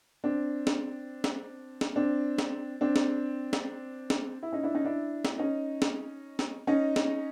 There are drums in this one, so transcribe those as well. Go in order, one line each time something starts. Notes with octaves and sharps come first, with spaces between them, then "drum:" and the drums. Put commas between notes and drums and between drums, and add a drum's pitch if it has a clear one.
C4 D4
drum: snare
drum: snare
drum: snare
C4 D4
drum: snare
C4 D4
drum: snare
drum: snare
drum: snare
E4
C#4 D#4
D4 E4
C#4 D#4
D4 E4
drum: snare
C#4 D#4
drum: snare
drum: snare
C#4 D#4
drum: snare